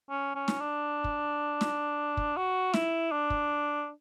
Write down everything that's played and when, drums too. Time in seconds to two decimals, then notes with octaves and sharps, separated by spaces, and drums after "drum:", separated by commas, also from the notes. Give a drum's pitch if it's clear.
0.10 C#4
0.35 C#4
0.48 drum: snare
0.60 D4
1.04 drum: kick
1.61 drum: snare
2.17 drum: kick
2.37 F#4
2.74 E4, drum: snare
3.11 D4
3.30 drum: kick